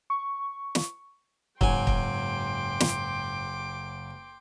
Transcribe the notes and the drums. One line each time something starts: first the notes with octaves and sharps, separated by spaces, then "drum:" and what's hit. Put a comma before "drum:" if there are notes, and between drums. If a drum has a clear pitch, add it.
C#6
drum: snare
F#1 G#2 F#3 G5 G#5 C6 D6, drum: kick
drum: kick
drum: snare